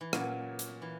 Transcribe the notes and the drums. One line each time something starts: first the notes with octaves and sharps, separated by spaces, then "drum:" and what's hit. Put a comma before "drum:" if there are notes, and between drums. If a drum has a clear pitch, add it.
E3
A#2 F#3 A#3 C#4, drum: rim click
drum: hi-hat
E3